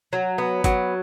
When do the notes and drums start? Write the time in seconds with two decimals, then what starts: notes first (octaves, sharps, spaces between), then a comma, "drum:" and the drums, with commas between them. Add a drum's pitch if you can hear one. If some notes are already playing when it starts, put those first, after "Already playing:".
0.13 F#3
0.38 B3
0.64 F#3, drum: kick G1, hi-hat